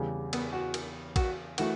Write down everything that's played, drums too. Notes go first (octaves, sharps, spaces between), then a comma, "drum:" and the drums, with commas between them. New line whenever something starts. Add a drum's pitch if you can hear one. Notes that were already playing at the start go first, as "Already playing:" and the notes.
Already playing: E2 C#3 G3
B3, drum: cymbal
F#4
drum: cymbal
F#4, drum: kick A1, cymbal
E3 A3 F#4, drum: cymbal